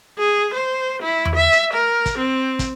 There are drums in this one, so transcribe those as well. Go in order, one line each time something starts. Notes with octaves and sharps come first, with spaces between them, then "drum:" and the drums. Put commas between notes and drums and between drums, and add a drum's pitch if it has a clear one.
G#4
C5
E4
drum: tom E2
E5
drum: hi-hat
A#4
drum: kick, hi-hat
C4
drum: kick, hi-hat